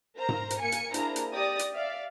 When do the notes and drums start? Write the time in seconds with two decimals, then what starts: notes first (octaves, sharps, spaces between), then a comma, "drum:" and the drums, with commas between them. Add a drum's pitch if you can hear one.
0.17 A#4 C5 A#5
0.29 drum: tom G#2
0.50 drum: hi-hat
0.60 A#3 G#5 C#7
0.72 drum: hi-hat
0.94 A#3 D4 E4 G#4 C5 A#5, drum: hi-hat
1.16 drum: hi-hat
1.32 G4 D5 D#6 A#6
1.59 drum: hi-hat
1.74 D5 E5 F5